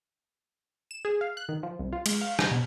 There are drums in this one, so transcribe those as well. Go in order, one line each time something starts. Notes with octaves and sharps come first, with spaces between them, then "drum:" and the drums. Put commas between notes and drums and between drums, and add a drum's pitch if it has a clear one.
E7
G#4
F5
F#6
D#3
F3
C2
F4
G#3, drum: cymbal
F5
A#6, drum: rim click
B2